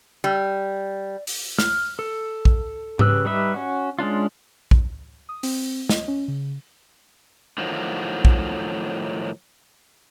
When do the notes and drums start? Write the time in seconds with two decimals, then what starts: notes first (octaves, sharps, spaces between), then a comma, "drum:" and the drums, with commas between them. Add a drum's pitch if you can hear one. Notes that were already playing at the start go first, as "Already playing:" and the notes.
0.24 G3
1.27 drum: open hi-hat
1.58 F6, drum: snare
1.99 A4
2.45 drum: kick A#1
2.99 C#3 G4 B4 E6 F#6, drum: tom G#2
3.25 G3 D#4 B4 E5
3.54 C#4 F#4
3.99 G#3 C#4 D4 F4
4.71 drum: kick A#1
5.29 D#6
5.43 C4, drum: open hi-hat
5.89 D#5, drum: snare
6.08 C#4
6.28 C#3
7.58 A2 D#3 F3 F#3
8.25 drum: kick A#1